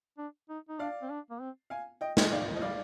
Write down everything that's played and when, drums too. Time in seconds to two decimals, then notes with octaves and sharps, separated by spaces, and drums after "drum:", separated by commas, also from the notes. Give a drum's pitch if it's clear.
0.18 D4
0.49 D#4
0.69 D#4
0.79 D4 D5 F5
1.02 C4
1.10 D4
1.30 A#3
1.40 C4
1.70 F5 G#5
2.01 D#5 G5
2.17 G#3, drum: snare
2.31 D5 F5
2.47 D#3
2.55 F3 D#5
2.62 G3 D5 F5